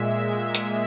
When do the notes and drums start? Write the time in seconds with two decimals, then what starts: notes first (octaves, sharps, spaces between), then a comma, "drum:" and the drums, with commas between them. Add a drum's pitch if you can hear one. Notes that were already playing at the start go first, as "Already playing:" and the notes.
Already playing: A#2 G#3 E5
0.55 drum: hi-hat